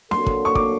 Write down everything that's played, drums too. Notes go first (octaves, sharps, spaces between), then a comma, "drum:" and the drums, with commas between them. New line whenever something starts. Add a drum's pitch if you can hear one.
F#3 A#3 D4 F#4 A4 C6, drum: snare C4
drum: kick
C#6
D6, drum: kick